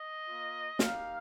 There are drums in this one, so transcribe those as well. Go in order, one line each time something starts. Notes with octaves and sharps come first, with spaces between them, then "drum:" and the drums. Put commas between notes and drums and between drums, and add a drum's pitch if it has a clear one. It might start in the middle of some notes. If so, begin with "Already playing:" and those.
Already playing: D#5
A#3 F4
A#3 D#4 G4 F5, drum: snare